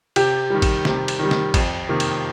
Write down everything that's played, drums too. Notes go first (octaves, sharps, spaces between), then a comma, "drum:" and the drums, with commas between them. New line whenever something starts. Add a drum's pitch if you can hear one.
C3 G4, drum: cymbal
D#3 G3
drum: kick G#1, cymbal
C3, drum: snare
drum: cymbal
D#3 G3
drum: snare
F2, drum: kick G#1, cymbal
C3 D#3 A#3
drum: cymbal